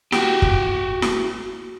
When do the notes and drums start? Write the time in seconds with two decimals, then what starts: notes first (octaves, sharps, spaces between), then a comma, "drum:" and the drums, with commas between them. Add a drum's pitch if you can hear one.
0.12 F#4 G4, drum: snare E4
0.42 drum: kick
1.02 drum: snare E4